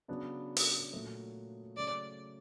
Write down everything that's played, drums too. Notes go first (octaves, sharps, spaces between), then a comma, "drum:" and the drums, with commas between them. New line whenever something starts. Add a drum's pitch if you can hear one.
C#3 F#3 B3 D4
drum: open hi-hat
A#2 F#3 A3
C#3 F#3 A3 D5